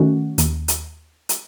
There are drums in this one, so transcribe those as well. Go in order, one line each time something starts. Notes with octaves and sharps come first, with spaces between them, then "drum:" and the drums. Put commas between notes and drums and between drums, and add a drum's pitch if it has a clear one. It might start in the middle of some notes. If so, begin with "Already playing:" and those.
Already playing: D#3 A3 C#4 F#4
D#2, drum: hi-hat
drum: hi-hat
drum: hi-hat